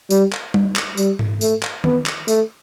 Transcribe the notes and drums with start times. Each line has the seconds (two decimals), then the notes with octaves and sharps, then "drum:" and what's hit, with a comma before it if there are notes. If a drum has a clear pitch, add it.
0.10 G3, drum: tambourine
0.33 drum: clap
0.54 drum: tom G3
0.76 drum: clap
0.97 G3, drum: tambourine
1.19 drum: tom G#2
1.41 A3, drum: tambourine
1.63 drum: clap
1.84 B3, drum: tom D#3
2.06 drum: clap
2.28 A3, drum: tambourine